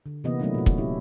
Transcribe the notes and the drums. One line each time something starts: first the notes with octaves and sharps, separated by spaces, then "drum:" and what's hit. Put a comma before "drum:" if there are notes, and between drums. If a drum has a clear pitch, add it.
D3
C3 E3 A#3 B3 D#5
F#3 A3 B3 C#4 D4 E4
A#2 F#4
drum: kick
C#4 E4 G4